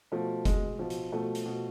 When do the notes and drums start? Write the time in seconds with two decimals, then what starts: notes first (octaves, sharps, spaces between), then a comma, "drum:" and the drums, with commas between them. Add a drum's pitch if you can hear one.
0.12 B2 F3 A3
0.45 B2 G#3, drum: kick F1, hi-hat
0.79 B2 F3
0.90 drum: hi-hat
1.12 B2 F3 A3
1.35 drum: hi-hat
1.46 B2